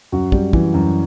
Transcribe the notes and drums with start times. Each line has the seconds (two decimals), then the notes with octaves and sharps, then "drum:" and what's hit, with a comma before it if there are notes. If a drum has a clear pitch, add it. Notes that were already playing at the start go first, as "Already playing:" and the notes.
0.12 F#2 F#4
0.32 G3, drum: kick
0.53 E3, drum: kick
0.74 F#2